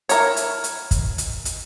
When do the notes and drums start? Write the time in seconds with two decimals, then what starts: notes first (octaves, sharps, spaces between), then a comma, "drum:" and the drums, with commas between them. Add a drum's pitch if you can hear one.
0.09 E4 A#4 C#5, drum: hi-hat
0.36 drum: hi-hat
0.64 drum: hi-hat
0.91 drum: kick, hi-hat
1.18 drum: hi-hat
1.45 drum: hi-hat